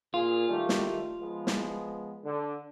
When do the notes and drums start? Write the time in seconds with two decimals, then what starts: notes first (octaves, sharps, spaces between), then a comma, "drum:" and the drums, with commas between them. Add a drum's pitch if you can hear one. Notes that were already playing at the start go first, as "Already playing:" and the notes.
0.14 A#2 F4 G#4
0.49 D#3 G3 A3
0.69 drum: snare
1.20 F3 G#3 B3
1.47 drum: snare
2.25 D3